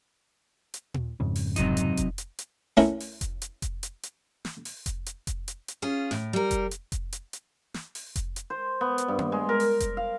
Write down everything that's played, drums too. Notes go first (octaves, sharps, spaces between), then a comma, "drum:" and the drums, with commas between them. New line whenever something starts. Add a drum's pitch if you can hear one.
drum: hi-hat
drum: tom A#2
F2 G#2 C#3
drum: open hi-hat
C3 F#3 D#4, drum: kick F1, hi-hat
drum: hi-hat
drum: kick F1, hi-hat
drum: hi-hat
drum: hi-hat
A3 C#4 E4 A#4, drum: snare
drum: open hi-hat
drum: kick F1, hi-hat
drum: hi-hat
drum: kick F1, hi-hat
drum: hi-hat
drum: hi-hat
drum: snare
drum: open hi-hat
drum: kick F1, hi-hat
drum: hi-hat
drum: kick F1, hi-hat
drum: hi-hat
drum: hi-hat
C#4 F4 G#4
A2, drum: snare
G3 A#4
drum: kick F1, hi-hat
drum: hi-hat
drum: kick F1, hi-hat
drum: hi-hat
drum: hi-hat
drum: snare
drum: open hi-hat
drum: kick F1, hi-hat
drum: hi-hat
C5
B3
drum: hi-hat
G2
drum: tom A#3
G#3
A#4
drum: open hi-hat
drum: kick F1, hi-hat
F5